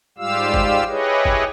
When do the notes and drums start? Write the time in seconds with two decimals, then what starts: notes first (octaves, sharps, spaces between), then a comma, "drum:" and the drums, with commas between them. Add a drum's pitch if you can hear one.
0.18 G#2 G3 F4 G4 F5 E6
0.54 drum: kick
0.89 E4 G4 G#4 B4 C#5 D#5
1.25 drum: kick